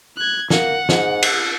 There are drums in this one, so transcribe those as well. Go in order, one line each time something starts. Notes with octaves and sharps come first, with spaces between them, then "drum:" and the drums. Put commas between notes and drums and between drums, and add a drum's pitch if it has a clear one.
F#6 G#6
A#3 F#5, drum: snare
G#2, drum: snare
drum: cymbal